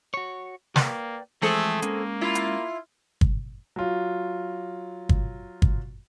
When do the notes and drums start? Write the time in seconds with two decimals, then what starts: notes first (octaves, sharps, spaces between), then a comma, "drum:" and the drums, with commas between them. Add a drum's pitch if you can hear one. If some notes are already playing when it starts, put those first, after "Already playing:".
0.14 F#4 C#5
0.76 A#3 B4 D5 G5, drum: snare
1.42 E3 F3 G#3 A3 C4 G#4 A4
1.82 G#3 A#3 C#4, drum: hi-hat
2.21 E4 F4
2.35 drum: hi-hat
3.21 drum: kick G1
3.76 F#3 F4
5.09 drum: kick G1
5.62 drum: kick G1